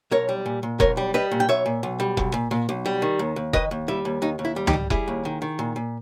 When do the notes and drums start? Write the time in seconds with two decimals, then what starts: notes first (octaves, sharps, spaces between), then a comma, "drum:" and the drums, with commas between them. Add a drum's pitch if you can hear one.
0.11 B1 A#4 C#5
0.29 G3
0.46 A#2
0.63 A#2
0.80 B1 A#4 C#5, drum: kick F1
0.97 G3
1.14 G3 B4 D#5
1.31 A#2
1.40 G5
1.48 B1 C#5 E5
1.66 A#2
1.83 B1
2.00 G3
2.17 B1, drum: kick F1
2.34 A#2
2.51 A#2
2.69 B1
2.86 G3
3.02 D#3
3.19 D#2
3.36 D#2
3.53 D#3 B4 D#5, drum: kick F1
3.71 D#2
3.88 G3 E4
4.05 D#2
4.22 D#2 D#4
4.39 D#2
4.45 E4
4.56 G3
4.67 D#4 G4, drum: tom
4.73 G3
4.90 G3 E4 G#4, drum: kick F1
5.08 D#2
5.25 D#3
5.42 D#3
5.59 A#2
5.76 A#2